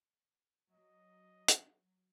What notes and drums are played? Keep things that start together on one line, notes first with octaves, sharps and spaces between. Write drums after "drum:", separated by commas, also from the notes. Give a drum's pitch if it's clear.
F#3 D#5
drum: hi-hat